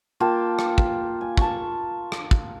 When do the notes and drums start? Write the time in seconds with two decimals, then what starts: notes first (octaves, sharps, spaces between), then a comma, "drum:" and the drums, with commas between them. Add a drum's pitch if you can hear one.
0.20 A#3 F4 G5 A5
0.59 drum: rim click
0.78 drum: kick
1.21 G#5
1.37 A5 C#6, drum: kick
2.12 drum: rim click
2.31 drum: kick